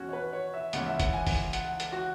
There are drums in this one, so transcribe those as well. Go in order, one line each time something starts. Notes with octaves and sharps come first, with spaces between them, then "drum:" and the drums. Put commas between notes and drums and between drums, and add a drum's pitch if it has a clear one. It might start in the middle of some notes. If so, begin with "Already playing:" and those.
Already playing: E2 B2 C#4 F#4
C#5
B4
C#5
E5
C#2 C#3 E3 F#5, drum: hi-hat
E5
F#5, drum: kick, hi-hat
G#5
drum: kick, open hi-hat
F#5, drum: hi-hat
drum: hi-hat
F#4